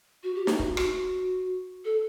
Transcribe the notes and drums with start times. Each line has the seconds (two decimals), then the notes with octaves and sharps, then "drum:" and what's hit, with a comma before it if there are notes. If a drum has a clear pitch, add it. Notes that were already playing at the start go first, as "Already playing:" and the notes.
0.23 F#4
0.36 G4
0.47 D#4, drum: snare
0.59 F#4, drum: kick
0.77 F#4, drum: rim click
1.85 A4